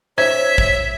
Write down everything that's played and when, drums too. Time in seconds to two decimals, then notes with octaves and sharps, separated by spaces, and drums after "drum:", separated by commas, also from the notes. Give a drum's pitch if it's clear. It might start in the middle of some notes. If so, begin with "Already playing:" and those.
0.18 C5 C#5 E5 G#6
0.58 drum: kick